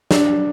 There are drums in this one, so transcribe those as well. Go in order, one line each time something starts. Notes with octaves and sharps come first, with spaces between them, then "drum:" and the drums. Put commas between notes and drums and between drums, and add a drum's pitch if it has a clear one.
D4, drum: snare